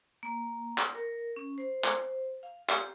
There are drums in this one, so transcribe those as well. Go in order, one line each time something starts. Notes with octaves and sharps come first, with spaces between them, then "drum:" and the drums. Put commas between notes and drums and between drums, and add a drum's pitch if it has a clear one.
A#3
drum: clap
A#4
C#4
C5
drum: clap
F5
G4, drum: clap